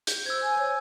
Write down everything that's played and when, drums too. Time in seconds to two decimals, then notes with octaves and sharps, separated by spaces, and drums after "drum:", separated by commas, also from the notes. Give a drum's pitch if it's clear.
0.07 G6, drum: hi-hat
0.26 C5 E6 G#6
0.43 G#5
0.58 C#5